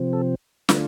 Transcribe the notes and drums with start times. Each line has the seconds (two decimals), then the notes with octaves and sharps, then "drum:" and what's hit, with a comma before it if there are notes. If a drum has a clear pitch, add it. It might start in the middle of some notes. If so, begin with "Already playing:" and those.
Already playing: C3 F3 C4
0.13 A4
0.69 D3 A3 D4 F4 B4, drum: snare